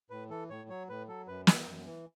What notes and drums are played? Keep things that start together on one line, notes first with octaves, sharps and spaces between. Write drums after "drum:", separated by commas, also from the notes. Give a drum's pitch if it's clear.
A2 B4
E3 A4
A2 C#5
F#3 C#5
A2 B4
F#3 A4
F#2 B4
E3, drum: snare
F#2
E3